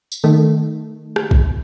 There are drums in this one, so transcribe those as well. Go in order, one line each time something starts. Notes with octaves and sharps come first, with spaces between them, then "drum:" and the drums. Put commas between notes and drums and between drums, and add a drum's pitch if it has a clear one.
drum: tambourine
D#3 A3
drum: rim click
drum: kick